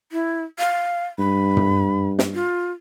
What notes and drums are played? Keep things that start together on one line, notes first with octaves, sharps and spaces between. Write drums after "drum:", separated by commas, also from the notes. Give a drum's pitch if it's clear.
E4
F5
G2 B5
drum: tom
drum: snare
F4